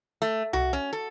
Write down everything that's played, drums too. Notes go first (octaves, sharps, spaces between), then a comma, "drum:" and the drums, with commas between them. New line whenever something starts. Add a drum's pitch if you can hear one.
A3
F#4, drum: tom C2
C#4
A4